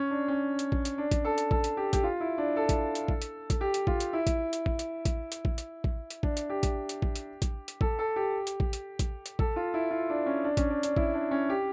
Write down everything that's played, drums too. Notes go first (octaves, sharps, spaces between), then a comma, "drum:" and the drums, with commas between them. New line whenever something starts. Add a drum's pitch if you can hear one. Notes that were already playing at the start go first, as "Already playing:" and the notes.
Already playing: C#4
D4
C#4
drum: hi-hat
drum: kick A1
drum: hi-hat
D4
drum: kick A1, hi-hat
A4
drum: hi-hat
A4, drum: kick A1
drum: hi-hat
G4
G4, drum: kick A1, hi-hat
F4
E4
D4
A4
drum: kick A1, hi-hat
drum: hi-hat
drum: kick A1
drum: hi-hat
A4, drum: kick A1, hi-hat
G4
drum: hi-hat
F4, drum: kick A1
drum: hi-hat
E4
drum: kick A1, hi-hat
drum: hi-hat
drum: kick A1
drum: hi-hat
drum: kick A1, hi-hat
drum: hi-hat
drum: kick A1
drum: hi-hat
drum: kick A1
drum: hi-hat
D4, drum: kick A1
drum: hi-hat
G4
drum: kick A1, hi-hat
drum: hi-hat
drum: kick A1
drum: hi-hat
drum: kick A1, hi-hat
drum: hi-hat
A4, drum: kick A1
A4
G4
drum: hi-hat
drum: kick A1
drum: hi-hat
drum: kick A1, hi-hat
drum: hi-hat
A4, drum: kick A1
F4
E4
F4
D4
C#4
D4
C#4, drum: kick A1, hi-hat
D4
D4, drum: hi-hat
E4, drum: kick A1
D4
C#4
G4